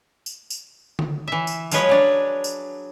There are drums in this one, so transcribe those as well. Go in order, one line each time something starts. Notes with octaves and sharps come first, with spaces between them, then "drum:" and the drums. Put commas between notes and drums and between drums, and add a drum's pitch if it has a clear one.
drum: tambourine
drum: tambourine
drum: tom D3
E3 E5
drum: tambourine
F3 F#3 G#3 G#4 B4 C#5, drum: tambourine
F#3 D4 C#5
drum: tambourine